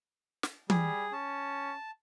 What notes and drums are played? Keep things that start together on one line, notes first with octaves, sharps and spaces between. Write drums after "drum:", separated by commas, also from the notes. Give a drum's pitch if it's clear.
drum: snare
G3 G#4, drum: tom E3
C#4 A5